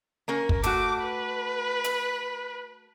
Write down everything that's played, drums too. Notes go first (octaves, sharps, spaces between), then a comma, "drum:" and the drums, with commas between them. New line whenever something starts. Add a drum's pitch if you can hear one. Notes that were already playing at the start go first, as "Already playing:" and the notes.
A#3 C#4 A#4
drum: kick
A3 F#4 D6, drum: hi-hat
B4
drum: hi-hat